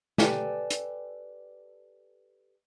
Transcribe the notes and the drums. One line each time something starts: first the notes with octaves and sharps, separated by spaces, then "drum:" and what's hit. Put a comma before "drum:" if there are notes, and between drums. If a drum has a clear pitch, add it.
G4 A4 B4 D5 G5 G#5, drum: snare
drum: hi-hat